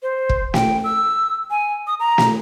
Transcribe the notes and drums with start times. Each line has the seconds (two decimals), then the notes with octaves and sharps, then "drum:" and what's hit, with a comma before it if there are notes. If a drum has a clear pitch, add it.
0.03 C5
0.29 drum: kick
0.54 G5, drum: snare
0.84 E6
1.51 G#5
1.87 D#6
2.00 A#5
2.18 drum: snare